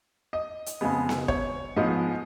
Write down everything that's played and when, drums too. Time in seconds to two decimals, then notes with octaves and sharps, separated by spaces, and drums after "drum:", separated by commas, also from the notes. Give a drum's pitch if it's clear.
0.33 D#5
0.66 drum: hi-hat
0.81 F2 C#3 G#3 B3
1.09 drum: snare B3
1.28 C#5, drum: kick
1.76 G#2 F3 G#3 B3 D#5